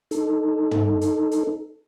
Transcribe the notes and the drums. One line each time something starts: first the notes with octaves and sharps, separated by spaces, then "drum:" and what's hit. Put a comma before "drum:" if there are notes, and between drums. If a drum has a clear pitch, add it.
D#4 A4, drum: hi-hat
drum: tom
drum: hi-hat
drum: hi-hat